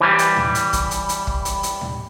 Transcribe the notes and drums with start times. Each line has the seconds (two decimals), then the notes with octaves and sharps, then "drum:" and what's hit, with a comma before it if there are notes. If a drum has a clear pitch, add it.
0.01 E3 G3
0.19 drum: hi-hat
0.37 drum: tom
0.55 drum: hi-hat
0.73 drum: kick, hi-hat
0.91 drum: hi-hat
1.09 drum: hi-hat
1.27 drum: kick
1.45 drum: hi-hat
1.63 drum: hi-hat
1.81 drum: tom